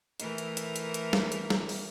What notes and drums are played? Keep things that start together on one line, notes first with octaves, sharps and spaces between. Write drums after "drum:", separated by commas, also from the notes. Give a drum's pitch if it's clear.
E3 A3 A#4, drum: hi-hat
drum: hi-hat
drum: hi-hat
drum: hi-hat
drum: hi-hat
drum: snare
drum: hi-hat
drum: snare
drum: open hi-hat